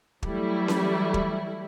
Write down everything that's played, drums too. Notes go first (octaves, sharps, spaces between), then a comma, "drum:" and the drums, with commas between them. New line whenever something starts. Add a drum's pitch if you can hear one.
E3 F#3 G3 A3 E4, drum: kick
drum: snare C#4
drum: kick